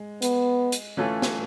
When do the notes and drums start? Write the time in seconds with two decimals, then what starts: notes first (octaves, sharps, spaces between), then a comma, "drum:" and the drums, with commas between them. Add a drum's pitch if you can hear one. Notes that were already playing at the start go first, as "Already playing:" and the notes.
Already playing: G#3
0.22 B3, drum: hi-hat
0.72 drum: hi-hat
0.97 E3 A3 C#4 F4 A4
1.22 drum: snare